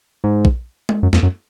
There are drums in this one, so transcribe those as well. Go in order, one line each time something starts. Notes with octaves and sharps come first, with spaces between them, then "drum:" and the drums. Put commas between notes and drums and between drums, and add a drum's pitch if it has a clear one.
G#2
drum: kick A#1
drum: tom G#3
F#2
F2, drum: snare
F#2